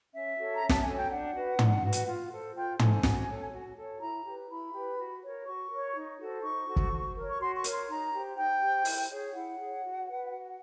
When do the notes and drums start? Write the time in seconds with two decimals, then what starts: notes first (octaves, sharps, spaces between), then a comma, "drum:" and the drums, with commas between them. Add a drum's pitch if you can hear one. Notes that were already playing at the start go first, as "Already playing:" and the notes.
0.13 C#4 E5
0.38 F#4 A4 C#5
0.55 A#5
0.61 C#4
0.69 A5, drum: snare
0.83 F#4 A4 C#5 G#5
0.96 G5
1.09 D4 F#5
1.34 F#4 B4
1.59 D4, drum: tom
1.82 F#4 B4
1.93 drum: hi-hat
2.07 F4
2.31 A4 C5
2.55 F4 G5
2.79 A4 C5 G#5, drum: tom
3.03 F#4, drum: snare
3.28 A4 C#5
3.52 F#4
3.77 A4 C#5
4.01 E4 A#5
4.25 G4 B4
4.50 E4 B5
4.73 G4 B4
4.98 F#4
5.23 A#4 C#5
5.46 F#4 C#6
5.70 A#4 C#5
5.95 D#4
6.19 F#4 A4 C5
6.43 D#4 C#6
6.67 F#4 A4 C5
6.76 drum: kick
6.92 F#4
7.16 A#4 C#5
7.30 C#6
7.40 F#4 C6
7.56 C#6
7.64 A#4 C#5, drum: hi-hat
7.72 C6
7.88 D#4 A#5
8.12 G4 C5
8.36 D#4 G5
8.61 G4 C5
8.85 E4, drum: open hi-hat
9.10 G#4 C#5
9.34 E4 F#5
9.59 G#4 C#5
9.83 F#4
10.07 B4
10.30 F#4